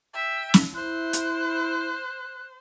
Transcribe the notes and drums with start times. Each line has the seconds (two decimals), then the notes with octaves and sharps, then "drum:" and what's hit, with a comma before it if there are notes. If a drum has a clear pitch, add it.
0.14 E5 G5
0.54 drum: snare
0.75 E4 C5 F#6
1.13 drum: hi-hat